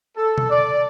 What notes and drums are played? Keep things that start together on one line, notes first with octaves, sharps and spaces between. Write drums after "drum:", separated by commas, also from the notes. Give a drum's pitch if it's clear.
A4
drum: tom B2
D5